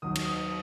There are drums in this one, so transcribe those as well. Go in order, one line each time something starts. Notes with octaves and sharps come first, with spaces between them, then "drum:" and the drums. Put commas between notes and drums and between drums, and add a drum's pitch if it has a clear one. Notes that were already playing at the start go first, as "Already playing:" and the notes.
D#2 D#3 F#3 D#6
drum: cymbal
D#6